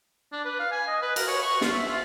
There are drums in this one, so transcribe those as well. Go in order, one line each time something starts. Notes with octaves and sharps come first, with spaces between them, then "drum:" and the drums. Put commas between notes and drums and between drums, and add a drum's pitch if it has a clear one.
D4
B4
F5
G#5
D#5
B4
A#4, drum: cymbal
C#5
C#6
F4, drum: snare
E5
F4